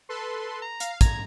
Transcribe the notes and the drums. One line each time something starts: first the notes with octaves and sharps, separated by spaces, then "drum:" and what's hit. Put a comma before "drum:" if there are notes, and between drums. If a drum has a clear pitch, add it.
A4 B4 C6
A#5
F5, drum: hi-hat
A#5 G#6, drum: kick, hi-hat